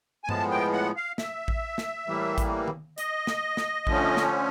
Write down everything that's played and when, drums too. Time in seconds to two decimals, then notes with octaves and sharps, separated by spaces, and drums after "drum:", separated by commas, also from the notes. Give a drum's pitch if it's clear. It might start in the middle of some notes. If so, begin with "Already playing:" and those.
0.24 G#5
0.29 A2 F3 G#3 B3 A5, drum: tom G2
0.51 G5
0.73 F#5
0.96 F5
1.18 E5, drum: snare
1.48 drum: kick A1
1.78 drum: snare
2.07 A2 E3 G3 A#3
2.38 drum: kick A1, hi-hat
2.68 drum: tom D#3
2.98 D#5, drum: hi-hat
3.27 drum: snare
3.57 drum: snare
3.87 D3 F3 A3 C#4, drum: kick A1
4.17 drum: snare